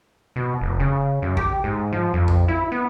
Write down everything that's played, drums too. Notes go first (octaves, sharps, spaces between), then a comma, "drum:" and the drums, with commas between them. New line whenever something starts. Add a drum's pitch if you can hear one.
B2
F1
C#3
F#2
G4, drum: kick A#1
G#2
F3
F2
drum: kick A#1
E4
B3